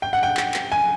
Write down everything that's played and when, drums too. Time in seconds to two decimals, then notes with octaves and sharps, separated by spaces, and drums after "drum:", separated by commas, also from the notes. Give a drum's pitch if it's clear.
0.02 G5
0.13 F#5
0.23 G5
0.37 drum: clap
0.54 drum: clap
0.72 G#5